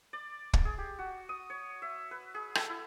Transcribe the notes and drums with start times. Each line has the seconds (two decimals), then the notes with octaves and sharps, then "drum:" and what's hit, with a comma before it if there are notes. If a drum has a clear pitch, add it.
0.13 D5
0.53 drum: kick
0.65 G#4
0.78 G4
0.99 F#4
1.29 D#6
1.50 C#5
1.82 E5
2.11 B4
2.35 G#4
2.55 A4, drum: rim click
2.69 E4